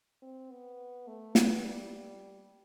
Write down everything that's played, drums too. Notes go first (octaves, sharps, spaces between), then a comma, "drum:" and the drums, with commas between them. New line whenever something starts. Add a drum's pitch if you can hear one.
C4
B3
A3
B3, drum: snare
G3